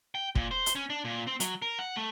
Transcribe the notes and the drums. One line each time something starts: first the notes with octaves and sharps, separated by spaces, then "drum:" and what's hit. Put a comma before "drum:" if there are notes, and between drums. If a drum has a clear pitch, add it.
G5
A#2, drum: kick
C5
drum: hi-hat
C#4
D4
A#2
C4
F#3, drum: hi-hat
A#4
F#5
A3